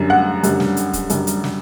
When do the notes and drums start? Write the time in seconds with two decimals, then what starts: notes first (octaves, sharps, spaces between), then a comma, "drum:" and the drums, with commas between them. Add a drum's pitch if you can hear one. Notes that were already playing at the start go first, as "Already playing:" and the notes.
Already playing: F#2 D3 G3
0.10 F#5
0.43 F#2 D3 G3, drum: hi-hat
0.60 drum: snare
0.77 drum: hi-hat
0.93 drum: kick, hi-hat
1.10 F#2 D3 G3, drum: hi-hat
1.27 drum: hi-hat
1.44 drum: snare